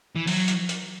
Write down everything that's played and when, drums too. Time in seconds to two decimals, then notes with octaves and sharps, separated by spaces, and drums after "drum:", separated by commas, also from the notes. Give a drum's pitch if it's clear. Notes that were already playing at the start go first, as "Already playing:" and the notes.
0.15 E3
0.27 F#3, drum: open hi-hat
0.48 drum: hi-hat
0.69 drum: hi-hat